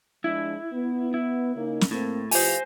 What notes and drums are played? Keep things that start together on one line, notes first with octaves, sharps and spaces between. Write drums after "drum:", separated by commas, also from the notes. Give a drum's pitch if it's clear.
F3 G#3 D4 E4
B3
E4
C#3 A#3 D#4
drum: snare
A2 A#3 C4
E3 F4 G4 C5 G#5, drum: open hi-hat